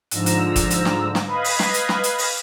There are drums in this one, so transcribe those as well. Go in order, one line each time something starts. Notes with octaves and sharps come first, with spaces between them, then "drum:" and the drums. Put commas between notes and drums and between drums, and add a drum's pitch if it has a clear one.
G#2 D3 F3 A#5 E6, drum: hi-hat
drum: hi-hat
drum: kick F1, hi-hat
drum: hi-hat
drum: snare
drum: snare
B4 D#5 F5 B5 D#6 G#6
drum: open hi-hat
drum: snare
drum: hi-hat
drum: snare
drum: hi-hat
drum: open hi-hat